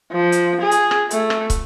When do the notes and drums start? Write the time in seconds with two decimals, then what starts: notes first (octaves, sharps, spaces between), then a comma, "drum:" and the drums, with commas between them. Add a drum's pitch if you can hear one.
0.12 F3
0.32 drum: hi-hat
0.61 G#4
0.71 drum: hi-hat
0.91 drum: rim click
1.11 A3, drum: hi-hat
1.30 drum: rim click
1.50 drum: kick, hi-hat